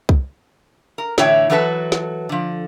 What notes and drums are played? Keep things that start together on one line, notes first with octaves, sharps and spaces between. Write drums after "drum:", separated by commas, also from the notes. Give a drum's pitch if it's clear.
drum: kick C2
A#4
A2 D3 E3 E4 C#5 G5, drum: snare
E3 F#3 F#4 A4 B4 A5
drum: snare
D3 F3